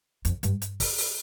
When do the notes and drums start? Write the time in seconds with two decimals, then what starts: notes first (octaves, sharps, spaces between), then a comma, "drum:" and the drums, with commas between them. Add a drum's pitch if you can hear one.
0.25 F2, drum: hi-hat
0.43 G2, drum: hi-hat
0.62 drum: hi-hat
0.80 drum: kick, open hi-hat
0.98 drum: open hi-hat